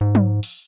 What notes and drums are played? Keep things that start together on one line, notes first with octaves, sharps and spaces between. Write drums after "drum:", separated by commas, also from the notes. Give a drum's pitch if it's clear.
G#2
drum: tom
drum: open hi-hat